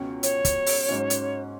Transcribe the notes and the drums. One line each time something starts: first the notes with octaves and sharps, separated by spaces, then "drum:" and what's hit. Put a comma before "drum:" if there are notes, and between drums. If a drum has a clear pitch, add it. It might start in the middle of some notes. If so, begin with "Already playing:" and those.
Already playing: C#2 B2 F#3 C#4
C#5, drum: hi-hat
drum: kick, hi-hat
drum: open hi-hat
G#2 F#3 C#4
drum: hi-hat